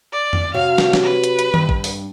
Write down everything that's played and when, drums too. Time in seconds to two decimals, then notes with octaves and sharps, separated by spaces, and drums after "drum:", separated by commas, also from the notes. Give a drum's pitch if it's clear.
0.12 D5
0.33 drum: tom F2
0.54 C3 F#3 F#4 F5
0.78 drum: snare
0.93 drum: snare
1.03 B4
1.24 drum: hi-hat
1.39 drum: hi-hat
1.54 G2, drum: tom D#3
1.69 drum: kick A1
1.84 drum: open hi-hat